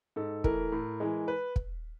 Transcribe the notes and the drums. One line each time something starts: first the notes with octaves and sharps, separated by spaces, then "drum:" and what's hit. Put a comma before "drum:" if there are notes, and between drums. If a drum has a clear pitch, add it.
G#2 A4
E3 A3 A#4, drum: kick
A2
E3 G#3
B4
drum: kick